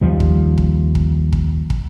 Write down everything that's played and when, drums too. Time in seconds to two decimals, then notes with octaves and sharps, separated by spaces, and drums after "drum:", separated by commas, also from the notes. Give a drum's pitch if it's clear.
0.01 D#2 F3 G3
0.20 drum: kick
0.58 drum: kick
0.95 drum: kick
1.33 drum: kick
1.70 drum: kick